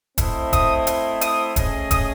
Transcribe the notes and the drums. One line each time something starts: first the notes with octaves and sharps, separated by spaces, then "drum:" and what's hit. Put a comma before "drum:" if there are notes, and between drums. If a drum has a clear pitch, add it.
A3 C4 E4 C5 D#5, drum: kick D#1, hi-hat
D#6, drum: kick D#1, hi-hat
drum: hi-hat
D#6, drum: hi-hat
A3 C#4 G#4 D#5, drum: kick D#1, hi-hat
D#6, drum: kick D#1, hi-hat